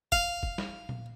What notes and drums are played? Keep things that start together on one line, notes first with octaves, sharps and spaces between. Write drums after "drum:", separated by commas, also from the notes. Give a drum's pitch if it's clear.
F5, drum: kick
drum: kick
drum: snare
drum: tom A#2